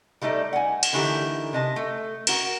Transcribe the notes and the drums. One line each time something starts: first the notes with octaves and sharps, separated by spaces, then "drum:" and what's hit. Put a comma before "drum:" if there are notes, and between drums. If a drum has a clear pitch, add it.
G3 A3 D#4 A4 D5
F#5 G#5
drum: cymbal
D3 E3 A3 D#4 G4 A#4
C3 D#5 A5
A3
F#4 A#4, drum: cymbal